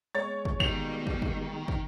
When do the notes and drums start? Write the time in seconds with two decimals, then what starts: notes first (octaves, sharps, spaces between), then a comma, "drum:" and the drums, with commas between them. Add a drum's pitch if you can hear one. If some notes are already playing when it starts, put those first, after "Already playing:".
0.15 G#3 C#5 A6
0.45 drum: kick
0.60 B2 D#3 G3 A#3 F7, drum: kick
1.07 drum: kick
1.22 drum: kick
1.68 drum: kick